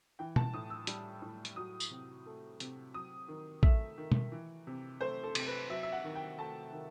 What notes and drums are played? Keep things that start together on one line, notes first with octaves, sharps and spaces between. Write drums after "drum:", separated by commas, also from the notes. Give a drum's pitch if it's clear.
E3 G5
A5, drum: tom
A2 D#6
E6
G3, drum: hi-hat
A2
drum: hi-hat
F#3 D#6
drum: tambourine
C3
A3
C3, drum: hi-hat
F#3 D#6
D#3
A3 E5, drum: kick
D#3
drum: tom
E3
C3
A3 C5
A4
C3, drum: cymbal
B4
F#3 E5
E5
F#5
D#3
G5
A3 A5
D#3